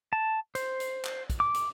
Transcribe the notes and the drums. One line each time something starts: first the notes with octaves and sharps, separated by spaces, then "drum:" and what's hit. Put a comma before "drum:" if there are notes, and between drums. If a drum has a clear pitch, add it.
A5
C5, drum: hi-hat
drum: hi-hat
drum: clap
drum: kick, hi-hat
D6
drum: hi-hat